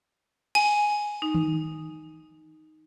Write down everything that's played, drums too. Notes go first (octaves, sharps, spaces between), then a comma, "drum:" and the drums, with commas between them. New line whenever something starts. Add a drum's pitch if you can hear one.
G#5, drum: cymbal
D#4
drum: tom D#3